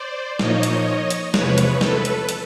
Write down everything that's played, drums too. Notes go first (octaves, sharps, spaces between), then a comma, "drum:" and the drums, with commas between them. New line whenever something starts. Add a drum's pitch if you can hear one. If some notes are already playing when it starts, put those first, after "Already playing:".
Already playing: C5 D5
A#2 F3 A#3 D#4 C#5 D#5, drum: snare
drum: hi-hat
drum: hi-hat
E2 C3 F3 G#3 B4 C#5, drum: snare
drum: hi-hat
A4 B4, drum: snare
drum: hi-hat
drum: hi-hat